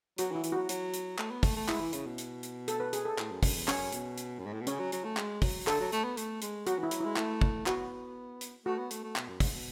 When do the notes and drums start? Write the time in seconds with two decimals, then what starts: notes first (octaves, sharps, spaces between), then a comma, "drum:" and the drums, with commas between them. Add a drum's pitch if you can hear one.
0.18 F#3 F#4, drum: hi-hat
0.31 E3
0.35 E4
0.44 E3, drum: hi-hat
0.52 F#3 F#4
0.69 F#3, drum: hi-hat
0.94 drum: hi-hat
1.18 A3, drum: clap
1.31 B3
1.43 A3, drum: kick, open hi-hat
1.56 A3
1.68 G#3 E4, drum: clap
1.80 E3
1.93 C#3, drum: hi-hat
2.06 B2
2.18 drum: hi-hat
2.43 drum: hi-hat
2.68 A4, drum: hi-hat
2.80 B4
2.93 G#4, drum: hi-hat
3.05 A4
3.18 A2, drum: clap
3.31 F#2
3.43 F#2, drum: kick, open hi-hat
3.55 E2
3.68 F#2 C#4 C#5, drum: clap
3.92 B2, drum: hi-hat
4.18 drum: hi-hat
4.39 F#2
4.46 G#2
4.53 A2
4.61 B2
4.67 C#3 C#4 C#5, drum: hi-hat
4.79 F#3
4.92 F#3, drum: hi-hat
5.04 A3
5.17 G#3, drum: clap
5.42 F#3, drum: kick, open hi-hat
5.67 D3 A4, drum: clap
5.80 F#3
5.92 A3, drum: hi-hat
6.04 B3
6.17 A3, drum: hi-hat
6.42 G#3, drum: hi-hat
6.67 F#3 F#4, drum: hi-hat
6.79 E3 E4
6.91 F#3, drum: hi-hat
7.00 G#3 E4
7.16 A3 E4, drum: clap
7.41 drum: kick
7.66 B3 F#4, drum: clap
8.41 drum: hi-hat
8.65 A3 F#4
8.78 B3
8.91 A3, drum: hi-hat
9.03 A3
9.16 B2, drum: clap
9.29 F#2
9.40 G#2, drum: kick, open hi-hat
9.53 B2